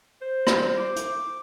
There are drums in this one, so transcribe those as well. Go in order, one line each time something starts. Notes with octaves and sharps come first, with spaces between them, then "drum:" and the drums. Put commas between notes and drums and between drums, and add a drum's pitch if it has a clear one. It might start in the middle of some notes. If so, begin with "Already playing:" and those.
C5
drum: rim click
D6
drum: hi-hat